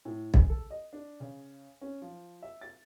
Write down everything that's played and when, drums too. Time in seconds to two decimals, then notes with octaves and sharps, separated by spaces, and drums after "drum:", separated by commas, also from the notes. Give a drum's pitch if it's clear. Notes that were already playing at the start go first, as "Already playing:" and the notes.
0.05 A2
0.34 G#4, drum: kick
0.50 A4
0.70 D#5
0.93 D4
1.20 C#3
1.81 C#4
2.02 F3
2.42 E5
2.61 A6